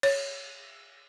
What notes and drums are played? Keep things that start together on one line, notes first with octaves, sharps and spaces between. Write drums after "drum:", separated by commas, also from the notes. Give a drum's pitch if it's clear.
C#5, drum: cymbal